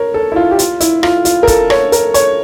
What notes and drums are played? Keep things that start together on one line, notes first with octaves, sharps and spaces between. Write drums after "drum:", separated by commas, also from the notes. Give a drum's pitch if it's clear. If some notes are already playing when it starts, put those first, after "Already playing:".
Already playing: A#4 C#5
A4
E4
F4
G4
F4, drum: hi-hat
E4, drum: hi-hat
F4, drum: rim click
F4, drum: hi-hat
A#4
A4, drum: kick, hi-hat
C#5, drum: rim click
A#4, drum: hi-hat
C#5, drum: hi-hat